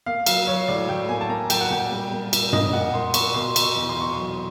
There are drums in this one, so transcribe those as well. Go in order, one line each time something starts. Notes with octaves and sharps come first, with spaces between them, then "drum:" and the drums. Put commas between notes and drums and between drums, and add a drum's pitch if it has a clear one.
A#3 F5
F#3 F5, drum: cymbal
F#3 C#5
A2 D5
A2 G5
A#3 G#5
A5
A#3 A#5
F#3 G5, drum: cymbal
F#5
A#2 G5
G3
A#3
A#2, drum: cymbal
A#3 D#5, drum: tom
A#2 F#5
A#3 C6
A#2 C#6, drum: cymbal
B2 C6
B2, drum: cymbal
C#6
E2
C6
B2 C#6
F#3 C6